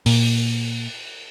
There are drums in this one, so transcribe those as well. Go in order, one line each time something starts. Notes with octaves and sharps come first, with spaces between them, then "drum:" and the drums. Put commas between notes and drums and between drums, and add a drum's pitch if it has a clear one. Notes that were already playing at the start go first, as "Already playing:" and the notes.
A#2, drum: open hi-hat